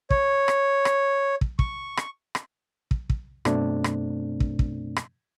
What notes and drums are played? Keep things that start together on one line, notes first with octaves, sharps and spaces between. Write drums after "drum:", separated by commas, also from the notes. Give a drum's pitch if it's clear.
C#5, drum: kick
drum: rim click
drum: rim click
drum: kick
C#6, drum: kick
drum: rim click
drum: rim click
drum: kick
drum: kick
F#2 B2 A3 C4 D4, drum: rim click
drum: rim click
drum: kick
drum: kick
drum: rim click